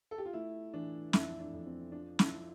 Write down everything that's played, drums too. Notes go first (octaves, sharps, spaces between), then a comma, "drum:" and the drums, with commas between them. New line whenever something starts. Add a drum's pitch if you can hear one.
A4
G4
F4
A3 E4
E3 D4
F2 E4, drum: snare
D4
F2
C4
F3 D4
E4, drum: snare
F3